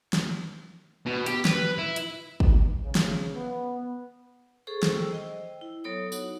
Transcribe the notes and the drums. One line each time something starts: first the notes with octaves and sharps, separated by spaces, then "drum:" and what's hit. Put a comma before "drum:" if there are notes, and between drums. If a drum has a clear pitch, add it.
drum: snare
B2
G4, drum: hi-hat
B4, drum: snare
E4
drum: hi-hat
drum: kick G#1
C#3
drum: snare
B3
G#4 A4 C5 C#6
drum: snare
G5 E6
C5 D#5 G5
E4
F#3 B3 A4 C#5 D#6
D#4 F#4 F#5, drum: tambourine